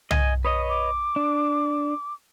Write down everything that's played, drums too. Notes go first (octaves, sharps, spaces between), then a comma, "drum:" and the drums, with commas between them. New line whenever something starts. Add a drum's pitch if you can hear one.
D#5 G#5, drum: tom
B4 C#5 D#5 D#6
D6
D4